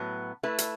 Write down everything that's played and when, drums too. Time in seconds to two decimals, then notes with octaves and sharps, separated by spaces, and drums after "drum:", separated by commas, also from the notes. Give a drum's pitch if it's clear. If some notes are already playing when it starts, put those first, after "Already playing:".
Already playing: A2 F#3 B3
0.43 A3 E4 B4
0.58 drum: hi-hat